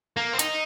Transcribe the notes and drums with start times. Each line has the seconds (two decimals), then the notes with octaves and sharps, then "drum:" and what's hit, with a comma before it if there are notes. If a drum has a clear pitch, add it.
0.17 A#3
0.33 C4
0.39 D#4, drum: hi-hat